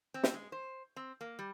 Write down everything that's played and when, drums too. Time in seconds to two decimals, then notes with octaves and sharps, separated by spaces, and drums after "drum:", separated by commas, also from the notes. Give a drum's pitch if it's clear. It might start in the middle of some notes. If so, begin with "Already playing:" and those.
0.14 C4
0.23 drum: snare
0.34 G#3
0.52 C5
0.96 C4
1.21 A#3
1.39 G3